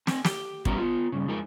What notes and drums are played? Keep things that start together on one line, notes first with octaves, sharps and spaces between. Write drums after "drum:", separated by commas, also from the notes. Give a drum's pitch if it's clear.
C4 C5 G#5, drum: snare
G4, drum: snare
G2 B3 C#4 F#4 G4 A#5, drum: kick
B3 C4 F4
G2 C#3
F2 F3 G#3 D#4 A#4 G#5